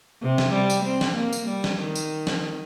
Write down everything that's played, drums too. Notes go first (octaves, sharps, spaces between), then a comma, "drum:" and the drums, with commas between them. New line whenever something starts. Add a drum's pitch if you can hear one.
C3
drum: snare
G3
drum: tambourine
C4
drum: snare
A#3
drum: tambourine
G3
drum: snare
D#3
drum: tambourine
drum: snare